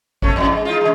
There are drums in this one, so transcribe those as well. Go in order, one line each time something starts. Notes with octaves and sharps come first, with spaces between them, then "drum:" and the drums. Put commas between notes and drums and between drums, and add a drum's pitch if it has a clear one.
A3 C#4, drum: kick G#1
F2 A2
G#3
D#4 F4
C#3 G#3